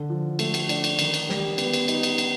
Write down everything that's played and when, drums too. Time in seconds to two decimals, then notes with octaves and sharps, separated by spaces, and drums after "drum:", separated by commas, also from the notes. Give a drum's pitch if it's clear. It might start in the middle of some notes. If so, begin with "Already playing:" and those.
Already playing: D3
0.09 F3
0.39 A3, drum: cymbal
0.54 drum: cymbal
0.69 D4, drum: cymbal
0.84 drum: cymbal
0.99 D#3, drum: cymbal
1.14 drum: cymbal
1.29 G3, drum: snare
1.58 B3, drum: cymbal
1.73 drum: cymbal
1.88 D#4, drum: cymbal
2.03 drum: cymbal
2.18 drum: cymbal